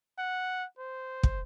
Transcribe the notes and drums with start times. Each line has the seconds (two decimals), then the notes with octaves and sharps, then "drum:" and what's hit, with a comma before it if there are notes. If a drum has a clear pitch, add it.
0.18 F#5
0.78 C5
1.23 drum: kick